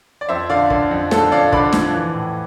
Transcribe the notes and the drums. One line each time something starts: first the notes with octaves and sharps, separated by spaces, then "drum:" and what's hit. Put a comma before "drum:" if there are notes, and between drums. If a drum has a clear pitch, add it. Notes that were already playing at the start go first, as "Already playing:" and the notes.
D5
F2 C5 E5
D3 D5 F5
D3, drum: kick
F2
D3 A4, drum: snare
F2 D5 F5
D3 B5 D6, drum: kick
F3, drum: snare
E3
A2